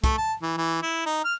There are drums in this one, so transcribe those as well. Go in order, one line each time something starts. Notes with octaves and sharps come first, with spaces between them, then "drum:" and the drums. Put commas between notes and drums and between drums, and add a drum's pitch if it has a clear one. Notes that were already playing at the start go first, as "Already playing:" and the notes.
A3, drum: kick C2, hi-hat
A5
E3
E3
E4
D#4
F6